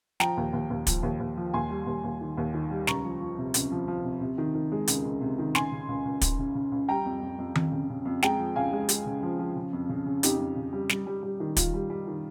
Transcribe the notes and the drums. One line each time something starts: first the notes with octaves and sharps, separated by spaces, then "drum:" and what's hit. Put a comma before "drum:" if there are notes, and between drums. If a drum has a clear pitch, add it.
F3 G5 A#5, drum: snare
D#2
D#2
D#2
F3, drum: kick, hi-hat
D#2
D#2
F3
D#2 G#5 C6
G3
D#2
D#2
D#3
D#2
D#3
G3
C#2 A#5 C#6, drum: snare
F3
F3
C3
C#2, drum: hi-hat
F3
F3
C3
C3
D#3
D#3
G#3
C#2, drum: hi-hat
C#2
C3
D#3
C#2 G#5 C6, drum: snare
C#3
C#2
C#2
C#2, drum: kick, hi-hat
C#3
C#3
C#2
G3 G5 A#5
F2
F2
F2
F2, drum: tom D#3
C#3
C#3
F2
G#3 G5 A#5, drum: snare
F3
C#2 F5 G#5
G#3
G#3, drum: hi-hat
C#3
F3
F3
C#3
F2
C#3
C#3
F2 D#4 G4, drum: hi-hat
F2
C#3
G3
G3, drum: snare
G3
G3
D#3
D#3 F4, drum: kick, hi-hat
G3
G3
D#3